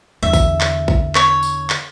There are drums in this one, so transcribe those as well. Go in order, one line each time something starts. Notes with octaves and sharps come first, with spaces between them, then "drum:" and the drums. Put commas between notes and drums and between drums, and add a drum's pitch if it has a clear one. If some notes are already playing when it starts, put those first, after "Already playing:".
E2 D3 E5
drum: kick A#1, tambourine
drum: clap
drum: kick A#1
C#5, drum: clap
drum: tambourine
drum: clap